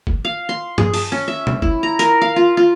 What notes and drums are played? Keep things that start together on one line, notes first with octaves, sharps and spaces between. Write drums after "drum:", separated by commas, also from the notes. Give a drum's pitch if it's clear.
drum: kick
F5
C6
G#4, drum: tom G2
A5, drum: open hi-hat
C#4
E5
drum: tom
E4, drum: kick
A#5
A#4, drum: hi-hat
F5
F4
F4